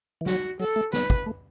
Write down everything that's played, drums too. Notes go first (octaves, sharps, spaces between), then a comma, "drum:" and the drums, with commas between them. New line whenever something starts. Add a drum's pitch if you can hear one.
E3
F#3 F#4, drum: snare
F#3 A4
A3
B3 B4, drum: snare
drum: kick
A3